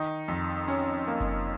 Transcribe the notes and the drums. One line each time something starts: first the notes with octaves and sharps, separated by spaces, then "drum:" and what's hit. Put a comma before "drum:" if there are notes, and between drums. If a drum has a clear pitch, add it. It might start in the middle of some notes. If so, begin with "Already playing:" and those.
Already playing: D#3 D#4
F2
C#4, drum: open hi-hat
A#3
drum: kick F#1, hi-hat